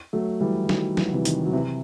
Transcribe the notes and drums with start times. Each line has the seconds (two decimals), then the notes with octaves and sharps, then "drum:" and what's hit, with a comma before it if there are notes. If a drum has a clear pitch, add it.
0.13 F#3 A3
0.41 E3 G3
0.64 E3
0.69 D#3 F#3, drum: snare
0.97 E3, drum: snare
1.04 F#3
1.13 C3 E3
1.25 D#3, drum: hi-hat
1.45 F#3
1.53 C3 E3